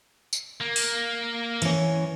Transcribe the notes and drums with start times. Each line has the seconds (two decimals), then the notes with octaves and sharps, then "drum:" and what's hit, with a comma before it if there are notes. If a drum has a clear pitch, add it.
0.33 drum: tambourine
0.60 A#3
0.76 drum: open hi-hat
1.62 E3 C#4, drum: cymbal